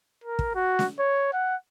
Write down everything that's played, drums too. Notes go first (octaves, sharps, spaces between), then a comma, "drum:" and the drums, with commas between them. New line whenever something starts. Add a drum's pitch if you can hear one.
A#4
drum: kick
F#4
drum: snare
C#5
F#5